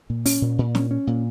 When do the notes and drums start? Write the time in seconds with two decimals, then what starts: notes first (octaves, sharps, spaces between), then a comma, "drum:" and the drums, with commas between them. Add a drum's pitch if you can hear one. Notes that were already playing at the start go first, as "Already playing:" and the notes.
0.10 A#2
0.26 C#4, drum: open hi-hat
0.42 A#2
0.58 A#2
0.75 C#4, drum: snare
0.91 C#4
1.07 A#2